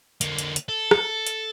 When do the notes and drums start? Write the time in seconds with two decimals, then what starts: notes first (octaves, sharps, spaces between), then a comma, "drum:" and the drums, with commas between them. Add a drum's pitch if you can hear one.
0.21 D3 A#3, drum: hi-hat
0.38 drum: hi-hat
0.56 drum: hi-hat
0.69 A4
0.91 drum: rim click
1.27 drum: hi-hat